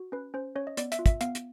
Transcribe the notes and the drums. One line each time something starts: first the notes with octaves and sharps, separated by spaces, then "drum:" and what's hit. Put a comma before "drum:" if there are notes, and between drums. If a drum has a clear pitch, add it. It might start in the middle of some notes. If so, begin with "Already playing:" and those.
Already playing: F#4
C#4 B4
C#4 C5
C#4 C#5
D#5
B3 D5, drum: hi-hat
E5, drum: hi-hat
F4
E5, drum: kick, hi-hat
B3 F5, drum: hi-hat
drum: hi-hat